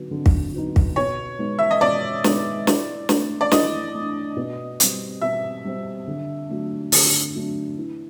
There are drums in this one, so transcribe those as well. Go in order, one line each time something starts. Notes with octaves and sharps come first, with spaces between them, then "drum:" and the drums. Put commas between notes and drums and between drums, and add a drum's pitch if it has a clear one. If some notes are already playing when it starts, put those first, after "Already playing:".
Already playing: D3 F#3 B3 D#4
D3
drum: kick
F#3 B3 D#4
drum: kick
B2 C#5
G#3 B3 D#4
E5
D#5
B2 D5
G#3 B3 D#4, drum: snare
E3, drum: snare
A3 D4, drum: snare
D5
E3 D#5, drum: snare
A3 D4
B2
G3 C4, drum: hi-hat
B2 E5
G3 C4
D3
F#3 A3 D4
D3, drum: open hi-hat
F#3 A3 D4
E3